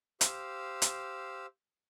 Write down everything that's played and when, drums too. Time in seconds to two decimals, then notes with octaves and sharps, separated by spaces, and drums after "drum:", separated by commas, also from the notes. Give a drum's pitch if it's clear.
0.21 G4 C5 F5 E6, drum: hi-hat
0.82 drum: hi-hat